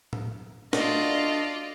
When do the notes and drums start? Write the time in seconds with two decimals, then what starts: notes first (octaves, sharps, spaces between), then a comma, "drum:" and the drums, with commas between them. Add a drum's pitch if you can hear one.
0.13 drum: tom A2
0.73 A3 D4 F4 F#4 D5 D#5, drum: snare